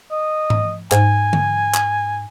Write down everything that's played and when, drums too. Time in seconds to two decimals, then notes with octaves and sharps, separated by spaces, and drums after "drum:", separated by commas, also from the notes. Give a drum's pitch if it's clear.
0.11 D#5
0.50 drum: tom G#2
0.92 G#2 G#5, drum: clap
1.33 drum: tom D3
1.74 drum: clap